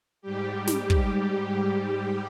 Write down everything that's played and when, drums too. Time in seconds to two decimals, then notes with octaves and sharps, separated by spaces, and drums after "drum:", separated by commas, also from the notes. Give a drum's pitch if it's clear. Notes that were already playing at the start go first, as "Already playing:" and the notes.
0.22 G#2 G3 G4
0.67 drum: snare
0.90 drum: kick